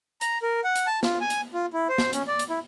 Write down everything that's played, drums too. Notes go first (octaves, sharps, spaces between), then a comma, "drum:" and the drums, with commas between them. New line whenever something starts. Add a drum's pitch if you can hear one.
A#5, drum: hi-hat
A#4
F#5
drum: hi-hat
A5
F4, drum: snare
G#5
drum: hi-hat
F4
E4
C5
drum: snare
C#4, drum: hi-hat
D5
drum: hi-hat
E4